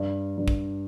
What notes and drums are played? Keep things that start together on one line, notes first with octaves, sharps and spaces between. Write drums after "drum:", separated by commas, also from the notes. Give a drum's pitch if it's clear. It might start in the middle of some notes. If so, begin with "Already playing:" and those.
Already playing: G2
G2
drum: kick